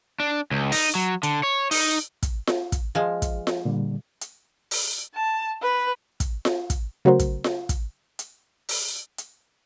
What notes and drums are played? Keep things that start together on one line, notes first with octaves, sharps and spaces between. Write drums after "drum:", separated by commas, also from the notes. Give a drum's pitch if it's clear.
D4
C#2
D#4, drum: open hi-hat
F#3
D3, drum: hi-hat
C#5
D#4, drum: open hi-hat
drum: kick, hi-hat
drum: snare F4
drum: kick, hi-hat
F3 G#3
drum: kick, hi-hat
drum: snare F4
A#2 D3 G3
drum: hi-hat
drum: open hi-hat
A5
B4
drum: kick, hi-hat
drum: snare F4
drum: kick, hi-hat
C#3 F#3 A3 F#4 A#4 C5
drum: kick, hi-hat
drum: snare F4
drum: kick, hi-hat
drum: hi-hat
drum: open hi-hat
drum: hi-hat